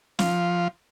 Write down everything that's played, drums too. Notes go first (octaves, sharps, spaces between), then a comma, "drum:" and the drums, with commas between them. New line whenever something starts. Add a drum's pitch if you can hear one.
F3, drum: snare